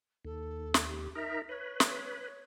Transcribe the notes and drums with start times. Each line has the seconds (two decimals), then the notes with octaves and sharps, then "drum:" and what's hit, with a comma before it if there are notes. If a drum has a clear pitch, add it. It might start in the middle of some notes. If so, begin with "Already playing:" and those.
0.25 D#2 A4
0.74 drum: snare
0.88 G4
1.15 D#4 A#4 E5
1.49 B4 C#5
1.80 drum: snare